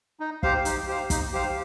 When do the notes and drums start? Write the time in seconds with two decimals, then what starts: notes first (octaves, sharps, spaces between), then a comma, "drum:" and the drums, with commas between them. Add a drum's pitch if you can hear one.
0.20 D#4
0.43 G4 C5 F5, drum: kick
0.65 D#4, drum: hi-hat
0.87 G4 C5 F5
1.10 D#4, drum: kick, hi-hat
1.32 G4 C5 F5